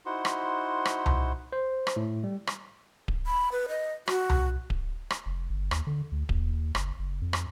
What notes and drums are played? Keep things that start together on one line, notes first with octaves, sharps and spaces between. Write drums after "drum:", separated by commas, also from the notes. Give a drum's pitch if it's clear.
D#4 E4 F#4 C5 F#5 C6
drum: rim click
drum: rim click
drum: tom C2
C5
drum: rim click
A2
G3
drum: rim click
drum: kick D1
B5
B4
D#5
F#4, drum: rim click
drum: tom C2
drum: kick D1
drum: rim click
F1
G1
D#2, drum: rim click
D3
D2
D#2, drum: kick D1
F#1, drum: rim click
F#1
F2
drum: rim click